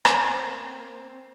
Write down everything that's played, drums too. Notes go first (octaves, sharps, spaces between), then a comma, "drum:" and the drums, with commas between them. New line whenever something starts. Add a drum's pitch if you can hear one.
C#4, drum: rim click
C4
A#3
C4
A#3
C4
C4